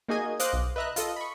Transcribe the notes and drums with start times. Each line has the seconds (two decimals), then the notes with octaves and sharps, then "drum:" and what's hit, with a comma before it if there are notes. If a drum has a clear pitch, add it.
0.08 A#3 D#4 F#4 G#4 D#5 G#5
0.40 C5 D#5 F5 D6 F#6, drum: hi-hat
0.53 B1
0.76 B4 D#5 E5 A#5 F#6
0.96 F4 A4 D#5, drum: hi-hat
1.16 B5 C#6